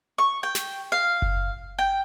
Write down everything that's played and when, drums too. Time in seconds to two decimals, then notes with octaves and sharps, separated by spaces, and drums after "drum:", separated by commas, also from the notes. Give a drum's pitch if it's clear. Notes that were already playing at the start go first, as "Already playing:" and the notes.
0.18 C#6
0.43 G5
0.55 drum: snare
0.92 F5
1.22 drum: kick F#1
1.79 G5